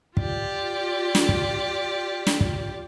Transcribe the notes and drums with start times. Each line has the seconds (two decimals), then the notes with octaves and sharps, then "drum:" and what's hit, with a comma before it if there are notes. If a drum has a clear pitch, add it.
0.17 F4 G4 D5, drum: kick
1.15 drum: snare
1.29 drum: kick
2.27 drum: snare
2.41 drum: kick